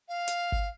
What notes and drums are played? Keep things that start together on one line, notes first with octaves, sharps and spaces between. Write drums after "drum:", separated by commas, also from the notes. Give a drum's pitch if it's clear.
F5
drum: hi-hat
drum: kick G#1